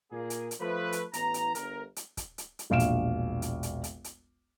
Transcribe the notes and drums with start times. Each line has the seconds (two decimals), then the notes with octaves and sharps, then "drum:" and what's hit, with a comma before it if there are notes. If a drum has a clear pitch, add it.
0.11 A#2 A#3 G#4
0.30 drum: hi-hat
0.51 drum: hi-hat
0.60 F3 A3 B4
0.92 drum: hi-hat
1.13 A1 E3 B3 A#5, drum: hi-hat
1.34 drum: hi-hat
1.55 G1 A#4, drum: hi-hat
1.96 drum: hi-hat
2.17 drum: kick, hi-hat
2.38 drum: hi-hat
2.59 drum: hi-hat
2.70 E1 A#1 F5 D7 E7
2.80 drum: hi-hat
3.42 drum: hi-hat
3.63 drum: hi-hat
3.84 drum: hi-hat
4.04 drum: hi-hat